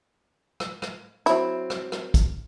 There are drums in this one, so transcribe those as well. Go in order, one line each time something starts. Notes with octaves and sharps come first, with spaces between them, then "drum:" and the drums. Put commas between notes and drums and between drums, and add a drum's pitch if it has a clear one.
drum: rim click
drum: rim click
F#3 C4 E4, drum: hi-hat
drum: rim click
drum: rim click
drum: kick, hi-hat